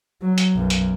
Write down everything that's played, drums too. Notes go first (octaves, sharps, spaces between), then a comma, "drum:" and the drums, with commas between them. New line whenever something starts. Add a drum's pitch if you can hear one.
F#3
drum: hi-hat
B1 F#2
drum: hi-hat